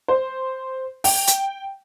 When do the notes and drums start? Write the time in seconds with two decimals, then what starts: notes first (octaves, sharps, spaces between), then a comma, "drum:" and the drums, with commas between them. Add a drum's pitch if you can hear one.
0.08 C5
1.04 G5, drum: open hi-hat
1.28 drum: hi-hat